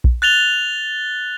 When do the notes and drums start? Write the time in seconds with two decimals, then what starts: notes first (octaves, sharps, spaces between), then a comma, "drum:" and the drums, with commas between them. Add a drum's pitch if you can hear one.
0.04 drum: kick A#1
0.22 F#6 A6 F7 G7